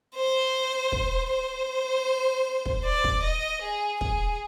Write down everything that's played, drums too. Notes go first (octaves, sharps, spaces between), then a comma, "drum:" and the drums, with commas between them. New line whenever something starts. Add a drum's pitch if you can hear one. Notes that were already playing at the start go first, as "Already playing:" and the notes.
C5
drum: kick
C5
drum: kick
D5
drum: kick
D#5
G#4
G#4, drum: kick